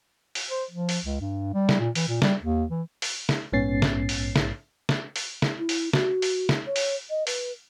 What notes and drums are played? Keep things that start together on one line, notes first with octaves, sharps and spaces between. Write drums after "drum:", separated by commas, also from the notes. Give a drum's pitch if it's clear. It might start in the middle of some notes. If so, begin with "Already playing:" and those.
drum: open hi-hat
C5
F3
drum: open hi-hat
C#2
G2
G3
drum: snare
A#2
E3, drum: open hi-hat
A#2
G3, drum: snare
D#2
E3
drum: open hi-hat
drum: snare
A#1 G#2 B3 C#4 A6 C7
drum: snare
drum: open hi-hat
drum: snare
drum: snare
drum: open hi-hat
drum: snare
E4
drum: open hi-hat
F#4, drum: snare
drum: open hi-hat
drum: snare
C#5
drum: open hi-hat
D#5
B4, drum: open hi-hat